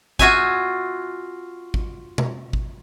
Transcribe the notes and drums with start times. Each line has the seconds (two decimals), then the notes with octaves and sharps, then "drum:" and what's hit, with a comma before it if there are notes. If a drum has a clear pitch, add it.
0.19 F4 F#4 E5 G#5, drum: kick G#1
1.74 drum: kick G#1
2.18 drum: tom B2
2.53 drum: kick G#1